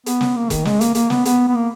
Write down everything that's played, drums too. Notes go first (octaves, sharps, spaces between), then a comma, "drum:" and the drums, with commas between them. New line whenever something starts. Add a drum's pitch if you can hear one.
B3, drum: hi-hat
drum: snare
A#3
D#3, drum: kick E1, hi-hat
G#3, drum: snare
A#3, drum: hi-hat
A#3, drum: hi-hat
B3, drum: snare
B3, drum: hi-hat
B3
A#3